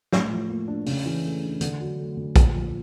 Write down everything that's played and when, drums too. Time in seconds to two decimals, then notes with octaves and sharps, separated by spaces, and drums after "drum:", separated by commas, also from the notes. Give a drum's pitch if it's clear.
0.12 A2, drum: snare
0.30 F3
0.49 A#3
0.68 D4
0.86 C#3, drum: open hi-hat
1.06 E3
1.24 A3
1.43 D4
1.61 D3, drum: hi-hat
1.80 F#3
1.99 A3
2.17 D3
2.36 A#2, drum: kick A#1, hi-hat
2.54 F3